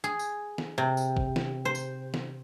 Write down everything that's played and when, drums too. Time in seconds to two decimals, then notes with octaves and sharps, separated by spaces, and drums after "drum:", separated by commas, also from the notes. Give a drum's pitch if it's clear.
0.04 G#4
0.19 drum: tambourine
0.58 drum: snare
0.78 C3
0.97 drum: tambourine
1.17 drum: kick
1.36 drum: snare
1.65 C5
1.75 drum: tambourine
2.14 drum: snare